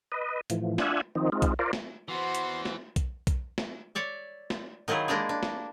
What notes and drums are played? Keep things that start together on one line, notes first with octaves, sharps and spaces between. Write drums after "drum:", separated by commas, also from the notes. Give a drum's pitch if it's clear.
B4 D#5
A2 E3 F3, drum: hi-hat
D4 F4 E5 F#5 G#5, drum: snare
D#3 F3 C4 D#4
G#3 C4 D#4 F4
drum: kick B1, hi-hat
F4 A#4 C5 D5
drum: snare
E3 B3 F#4 C5 C6
drum: hi-hat
drum: snare
drum: kick B1, hi-hat
drum: kick B1, hi-hat
drum: snare
C#5 D5 E5
drum: snare
D#3 F#3 E4 F4 G#4
G#3 A#3 D4 G4 G#4
D4
drum: snare